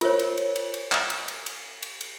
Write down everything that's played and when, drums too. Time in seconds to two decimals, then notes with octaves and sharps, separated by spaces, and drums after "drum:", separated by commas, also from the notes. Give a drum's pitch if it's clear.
0.01 F4 A#4 C5 C#5, drum: cymbal
0.19 drum: cymbal
0.37 drum: cymbal
0.56 drum: cymbal
0.74 drum: cymbal
0.92 drum: clap
1.10 drum: cymbal
1.28 drum: cymbal
1.46 drum: cymbal
1.83 drum: cymbal
2.01 drum: cymbal